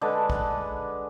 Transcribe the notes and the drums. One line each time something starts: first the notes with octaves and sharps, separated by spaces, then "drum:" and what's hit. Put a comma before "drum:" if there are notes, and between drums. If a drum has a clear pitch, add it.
D3 G#3 D4 B4
drum: kick